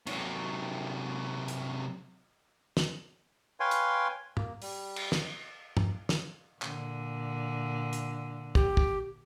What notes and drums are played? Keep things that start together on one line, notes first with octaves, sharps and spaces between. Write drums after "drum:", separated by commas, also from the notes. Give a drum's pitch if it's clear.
C3 F#3, drum: cymbal
drum: hi-hat
drum: snare
B4 C#5 F5 G5 G#5 C6
drum: hi-hat
A#3, drum: tom
G3, drum: open hi-hat
drum: cymbal
drum: snare
drum: tom
drum: snare
A#2 D3, drum: clap
drum: hi-hat
G4, drum: kick
drum: kick